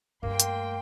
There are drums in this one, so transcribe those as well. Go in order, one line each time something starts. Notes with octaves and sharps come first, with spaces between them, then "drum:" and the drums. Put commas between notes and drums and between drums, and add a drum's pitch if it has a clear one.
G2 A3 A#3 G5 C6
drum: hi-hat